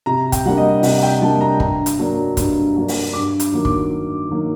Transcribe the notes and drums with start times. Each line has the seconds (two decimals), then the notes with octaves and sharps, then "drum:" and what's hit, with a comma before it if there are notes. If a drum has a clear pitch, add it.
0.06 C3 A#5
0.32 G5, drum: kick, hi-hat
0.46 G3 A#3 D4 F#5
0.58 D#5
0.83 C3 F#5, drum: open hi-hat
1.03 G5
1.22 G3 A#3 D4 A5
1.41 A#5
1.60 G2 A#5, drum: kick
1.86 drum: hi-hat
1.99 F#3 A#3 D4
2.37 G2, drum: kick, hi-hat
2.76 F#3 A#3 D4
2.88 drum: open hi-hat
3.13 G2 D6
3.40 drum: hi-hat
3.52 D#3 F#3 A#3 D#4
3.65 D6, drum: kick
3.91 G2
4.29 D#3 F#3 A#3 D#4